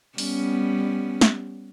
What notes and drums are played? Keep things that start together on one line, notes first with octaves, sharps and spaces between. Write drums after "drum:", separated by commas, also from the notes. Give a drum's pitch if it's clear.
G3 B3 C#4, drum: open hi-hat
drum: snare